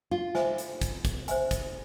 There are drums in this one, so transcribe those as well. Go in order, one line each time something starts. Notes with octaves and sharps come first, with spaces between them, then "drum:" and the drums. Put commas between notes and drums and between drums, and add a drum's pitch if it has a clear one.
F4
C5 E5 G#5, drum: snare
drum: hi-hat
drum: kick, hi-hat
drum: kick, hi-hat
C5 E5 G#5, drum: hi-hat
drum: kick, hi-hat